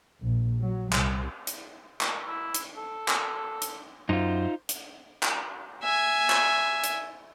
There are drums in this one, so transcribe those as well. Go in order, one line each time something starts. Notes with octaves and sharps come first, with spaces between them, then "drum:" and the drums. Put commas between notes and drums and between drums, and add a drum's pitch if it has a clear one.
A#1
F#3
C2, drum: clap
drum: hi-hat
drum: clap
E4
drum: hi-hat
A4
drum: clap
drum: hi-hat
F#2 D#4 F4 C5
drum: hi-hat
drum: clap
E5 G#5
drum: clap
drum: hi-hat